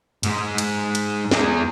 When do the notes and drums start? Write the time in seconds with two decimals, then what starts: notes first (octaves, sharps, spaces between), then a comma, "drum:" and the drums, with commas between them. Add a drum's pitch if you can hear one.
0.23 G#2 G#3, drum: cymbal
0.58 drum: cymbal
0.95 drum: cymbal
1.31 E2 G#4, drum: snare